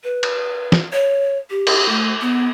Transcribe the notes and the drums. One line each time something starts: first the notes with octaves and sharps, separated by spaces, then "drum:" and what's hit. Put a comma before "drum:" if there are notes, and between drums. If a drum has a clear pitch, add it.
B4
drum: cymbal
drum: snare
C#5
G4
drum: cymbal
A3
B3